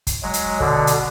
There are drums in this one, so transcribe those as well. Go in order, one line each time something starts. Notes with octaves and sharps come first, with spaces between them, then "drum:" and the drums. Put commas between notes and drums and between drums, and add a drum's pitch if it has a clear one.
drum: kick, hi-hat
F#3 G#3
drum: hi-hat
B2 D3, drum: kick
drum: hi-hat